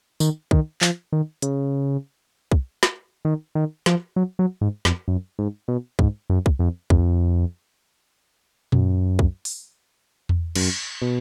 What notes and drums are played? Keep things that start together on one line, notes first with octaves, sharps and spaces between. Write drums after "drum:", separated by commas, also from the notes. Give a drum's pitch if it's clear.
D#3, drum: tambourine
D#3, drum: kick
F3, drum: clap
D#3
C#3, drum: hi-hat
drum: kick
drum: snare
D#3
D#3
F3, drum: snare
F#3
F#3
G#2
F2, drum: snare
F#2
G#2
B2
G#2, drum: kick
F#2
drum: kick
F2
F2, drum: kick
F#2, drum: tom A#2
drum: kick
drum: open hi-hat
drum: tom E2
F#2, drum: cymbal
B2